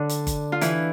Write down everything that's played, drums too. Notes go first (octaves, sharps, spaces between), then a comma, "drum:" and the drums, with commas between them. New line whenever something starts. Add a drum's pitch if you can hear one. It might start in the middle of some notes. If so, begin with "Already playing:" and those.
Already playing: D3 D4
drum: hi-hat
drum: kick G1, hi-hat
F4
E3 E4, drum: hi-hat